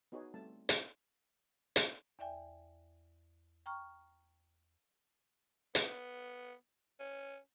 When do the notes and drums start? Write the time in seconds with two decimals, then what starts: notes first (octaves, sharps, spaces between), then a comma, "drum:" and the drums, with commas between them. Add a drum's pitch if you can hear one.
0.12 B3 D#4 F#4 G#4 C#5
0.34 G3 A3 C4 A5
0.69 drum: hi-hat
1.76 drum: hi-hat
2.19 E2 D5 E5 G5 G#5
3.66 G5 A#5 C#6 F6
5.75 B3, drum: hi-hat
7.00 C#4